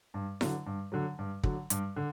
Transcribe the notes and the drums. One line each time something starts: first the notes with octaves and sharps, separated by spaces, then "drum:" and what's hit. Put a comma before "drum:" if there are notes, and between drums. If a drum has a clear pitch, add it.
G2
D3 F#3, drum: snare E4
G2
D3 F#3
G2
D3 F#3, drum: kick
G2, drum: hi-hat
D3